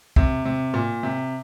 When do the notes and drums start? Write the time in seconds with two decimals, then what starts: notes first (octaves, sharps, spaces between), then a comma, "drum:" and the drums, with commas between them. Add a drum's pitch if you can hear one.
0.16 C3, drum: kick
0.45 C3
0.74 A#2
1.03 C3